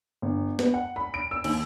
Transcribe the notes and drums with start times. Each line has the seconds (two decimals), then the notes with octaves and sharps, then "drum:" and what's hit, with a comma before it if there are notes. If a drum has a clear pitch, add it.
0.22 G1
0.59 B3, drum: snare
0.74 F#5
0.96 B5
1.14 D7
1.31 E6
1.44 D#2, drum: cymbal